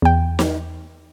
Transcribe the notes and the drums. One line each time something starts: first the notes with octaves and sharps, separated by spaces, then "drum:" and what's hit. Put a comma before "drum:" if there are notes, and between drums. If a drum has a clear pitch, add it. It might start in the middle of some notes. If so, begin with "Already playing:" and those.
E2 G5
drum: snare